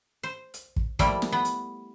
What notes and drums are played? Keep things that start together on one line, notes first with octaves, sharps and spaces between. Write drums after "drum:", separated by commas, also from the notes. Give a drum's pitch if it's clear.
C5
drum: hi-hat
drum: kick
F3 G3 A3 A#3 E4, drum: kick, hi-hat
drum: snare
B3
drum: hi-hat